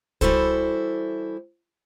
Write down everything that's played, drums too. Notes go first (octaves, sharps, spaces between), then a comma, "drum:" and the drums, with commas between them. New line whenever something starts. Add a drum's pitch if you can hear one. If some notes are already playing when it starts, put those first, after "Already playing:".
E3 G3 E4 F#4 A4 C5, drum: kick